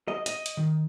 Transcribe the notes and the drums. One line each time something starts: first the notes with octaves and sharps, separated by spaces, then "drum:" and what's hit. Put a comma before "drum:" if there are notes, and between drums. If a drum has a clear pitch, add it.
D#5
D#5, drum: hi-hat
drum: hi-hat
D#3